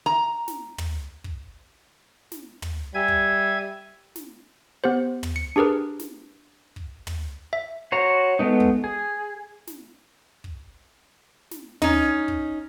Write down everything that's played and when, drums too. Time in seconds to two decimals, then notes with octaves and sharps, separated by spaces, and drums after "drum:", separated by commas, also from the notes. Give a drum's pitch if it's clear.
0.06 A#5
0.48 drum: snare
0.78 drum: tom
1.24 drum: kick
2.32 drum: snare
2.62 drum: tom
2.95 G3 E5 G#5 G#6
3.08 drum: kick
4.16 drum: snare
4.84 B3 G4 C5
5.23 drum: tom
5.36 C#7
5.56 D4 G4 G#4 A#4 B4
5.99 drum: snare
6.76 drum: kick
7.07 drum: tom
7.53 E5
7.92 F#4 C5 C#5 A#5
8.39 G#3 A3 B3 D#4
8.60 drum: kick
8.84 G#4
9.67 drum: snare
10.44 drum: kick
11.51 drum: snare
11.82 C#4 D#4, drum: tom
12.28 drum: kick